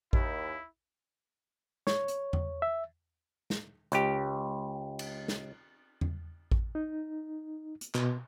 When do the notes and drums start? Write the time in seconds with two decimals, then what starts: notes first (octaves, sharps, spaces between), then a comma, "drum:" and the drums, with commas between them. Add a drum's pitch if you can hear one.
0.13 D#2 E4, drum: kick A1
1.87 C#5, drum: snare
2.08 drum: hi-hat
2.33 drum: tom E2
2.62 E5
3.50 drum: snare
3.92 C#2 G4, drum: hi-hat
4.99 drum: cymbal
5.28 drum: snare
6.01 drum: tom E2
6.52 drum: kick A1
6.75 D#4
7.81 drum: hi-hat
7.95 B2, drum: clap